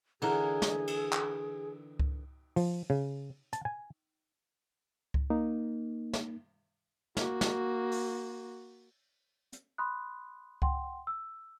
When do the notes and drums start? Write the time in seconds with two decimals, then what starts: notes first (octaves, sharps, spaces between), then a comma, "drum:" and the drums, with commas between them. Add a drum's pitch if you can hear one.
0.22 D3 E3 G#4 A#4, drum: cymbal
0.62 drum: snare
0.87 drum: cymbal
1.13 drum: clap
1.99 drum: kick C#2
2.56 F3, drum: open hi-hat
2.90 C#3
3.53 A5, drum: hi-hat
3.65 G#5
5.14 drum: kick C#2
5.30 A#3 D#4
6.13 drum: snare
7.17 A#3 F#4, drum: snare
7.41 drum: snare
7.91 drum: open hi-hat
9.53 drum: hi-hat
9.78 B5 C6 D#6 F#6
10.62 F#5 G5 C6, drum: kick C#2
11.07 E6